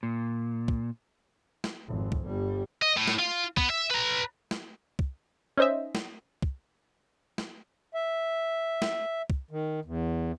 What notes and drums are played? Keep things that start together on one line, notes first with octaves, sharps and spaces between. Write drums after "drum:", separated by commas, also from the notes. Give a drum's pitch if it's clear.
A#2
drum: kick
drum: snare
G#1 F2
drum: kick
G1 G3
D#5
A2
drum: snare
F4
B3, drum: kick
E5
B4 A#5
drum: snare
drum: kick
C#4 D#4 C5 D#5 E5
drum: snare
drum: kick
drum: snare
E5
drum: snare
drum: kick
D#3
E2